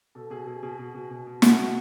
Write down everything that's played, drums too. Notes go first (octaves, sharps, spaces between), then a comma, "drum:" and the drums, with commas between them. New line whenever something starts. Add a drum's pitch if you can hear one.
B2 A4
B2 G#4
B2 G#4
B2 G#4
B2
B2
B2
B2
B2 F#4, drum: snare
B2